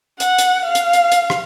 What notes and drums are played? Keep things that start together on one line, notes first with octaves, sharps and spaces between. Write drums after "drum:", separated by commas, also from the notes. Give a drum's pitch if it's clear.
F#5, drum: hi-hat
drum: hi-hat
F5
drum: hi-hat
drum: hi-hat
drum: hi-hat
drum: rim click